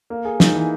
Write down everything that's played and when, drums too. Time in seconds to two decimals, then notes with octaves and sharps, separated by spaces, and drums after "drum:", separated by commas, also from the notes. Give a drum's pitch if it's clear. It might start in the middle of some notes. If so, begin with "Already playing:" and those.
0.10 A#3
0.25 G#4
0.40 D#4, drum: snare
0.55 E3